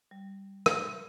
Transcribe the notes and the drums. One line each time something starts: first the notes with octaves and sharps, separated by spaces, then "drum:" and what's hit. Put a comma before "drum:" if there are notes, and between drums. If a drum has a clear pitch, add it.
G3
drum: rim click